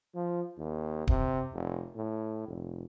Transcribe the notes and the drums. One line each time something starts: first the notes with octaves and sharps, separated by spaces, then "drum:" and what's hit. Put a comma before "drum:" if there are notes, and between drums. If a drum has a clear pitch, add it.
F3
D#2
C3, drum: kick D1
F1
A2
F1